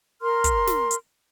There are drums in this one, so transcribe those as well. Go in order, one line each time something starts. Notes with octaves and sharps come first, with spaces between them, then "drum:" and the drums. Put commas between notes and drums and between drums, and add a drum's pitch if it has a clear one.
A#4 C6 F6
drum: kick, hi-hat
drum: snare
drum: hi-hat